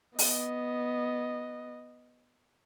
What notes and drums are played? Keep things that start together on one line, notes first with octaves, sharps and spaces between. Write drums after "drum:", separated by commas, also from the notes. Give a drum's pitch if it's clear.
B3 D#5, drum: open hi-hat